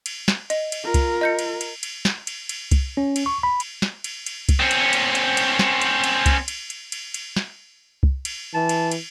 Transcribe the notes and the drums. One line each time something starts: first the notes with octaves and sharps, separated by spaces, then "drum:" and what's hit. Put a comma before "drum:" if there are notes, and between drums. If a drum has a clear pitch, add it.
drum: cymbal
drum: snare
D#5, drum: cymbal
drum: cymbal
F4 A#4
drum: kick C2, cymbal
D#5 G6 C#7
drum: cymbal
drum: cymbal
drum: cymbal
drum: snare
drum: cymbal
drum: cymbal
drum: kick C2, cymbal
C#4
drum: cymbal
C#6
B5
drum: cymbal
drum: snare
drum: cymbal
drum: cymbal
drum: kick C2, cymbal
C4 C#4
drum: cymbal
drum: cymbal
drum: cymbal
drum: cymbal
drum: snare
drum: cymbal
drum: cymbal
drum: kick C2, cymbal
drum: cymbal
drum: cymbal
drum: cymbal
drum: cymbal
drum: snare
drum: kick C2
drum: cymbal
E3 A5
drum: cymbal
drum: cymbal